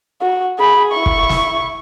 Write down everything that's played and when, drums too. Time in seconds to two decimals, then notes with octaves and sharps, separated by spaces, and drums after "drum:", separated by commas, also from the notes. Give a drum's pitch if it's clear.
0.21 F#4
0.59 G#4 B5
0.93 E4 C#6
1.06 drum: kick
1.29 drum: snare